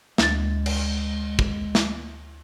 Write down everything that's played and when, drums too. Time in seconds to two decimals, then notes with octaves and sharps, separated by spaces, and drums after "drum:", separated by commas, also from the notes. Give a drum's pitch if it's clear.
0.18 D2 G#3 A6, drum: snare
0.66 drum: cymbal
1.39 drum: kick
1.75 drum: snare